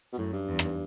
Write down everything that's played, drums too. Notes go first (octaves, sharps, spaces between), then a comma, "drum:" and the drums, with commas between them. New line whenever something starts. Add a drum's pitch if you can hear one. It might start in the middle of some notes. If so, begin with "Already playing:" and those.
B2
F#2 A2
G2
E2
drum: rim click